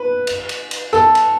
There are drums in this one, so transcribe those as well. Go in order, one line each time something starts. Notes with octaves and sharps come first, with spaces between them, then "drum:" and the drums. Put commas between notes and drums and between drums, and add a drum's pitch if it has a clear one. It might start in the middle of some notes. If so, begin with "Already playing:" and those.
Already playing: B4
drum: cymbal
drum: cymbal
drum: cymbal
A4, drum: rim click
drum: cymbal